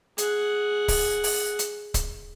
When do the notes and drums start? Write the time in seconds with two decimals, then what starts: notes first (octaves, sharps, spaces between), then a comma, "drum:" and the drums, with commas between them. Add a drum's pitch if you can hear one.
0.18 G#4 F#5, drum: hi-hat
0.88 drum: kick C#1, open hi-hat
1.24 drum: open hi-hat
1.59 drum: hi-hat
1.94 drum: kick C#1, hi-hat